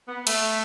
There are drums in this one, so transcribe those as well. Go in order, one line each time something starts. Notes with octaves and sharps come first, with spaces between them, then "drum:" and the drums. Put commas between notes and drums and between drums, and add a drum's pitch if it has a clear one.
B3
A3, drum: cymbal